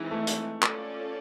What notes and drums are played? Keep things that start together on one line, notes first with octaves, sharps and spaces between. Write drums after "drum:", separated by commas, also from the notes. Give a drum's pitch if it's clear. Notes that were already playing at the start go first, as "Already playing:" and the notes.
Already playing: E3 G#3 C4 D#4
A3
drum: hi-hat
C#4 F4 A4 D5, drum: clap